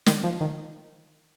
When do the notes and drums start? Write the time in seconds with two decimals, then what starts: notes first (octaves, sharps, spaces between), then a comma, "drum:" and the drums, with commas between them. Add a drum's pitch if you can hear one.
0.06 D#3, drum: snare
0.23 F3
0.41 D#3